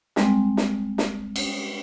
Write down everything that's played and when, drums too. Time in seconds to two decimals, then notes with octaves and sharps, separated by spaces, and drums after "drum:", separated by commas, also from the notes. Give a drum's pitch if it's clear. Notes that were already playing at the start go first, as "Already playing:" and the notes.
0.16 G3 G#3 C4, drum: snare
0.57 drum: snare
0.98 drum: snare
1.36 drum: cymbal